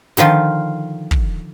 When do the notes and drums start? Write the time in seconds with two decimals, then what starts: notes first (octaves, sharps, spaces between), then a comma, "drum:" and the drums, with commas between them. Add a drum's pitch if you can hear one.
0.17 D3 D#3 F3 F4, drum: snare
1.11 drum: kick